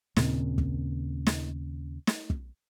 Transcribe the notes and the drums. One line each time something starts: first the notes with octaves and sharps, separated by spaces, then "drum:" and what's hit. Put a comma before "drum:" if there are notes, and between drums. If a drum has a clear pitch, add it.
D#2 A#2 C#3 C4, drum: snare
drum: kick
drum: snare
drum: snare
drum: kick